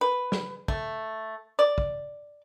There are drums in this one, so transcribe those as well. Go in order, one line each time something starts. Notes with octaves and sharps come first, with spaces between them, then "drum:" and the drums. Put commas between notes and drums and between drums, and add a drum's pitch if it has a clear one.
B4
drum: snare
A3, drum: kick
D5
drum: kick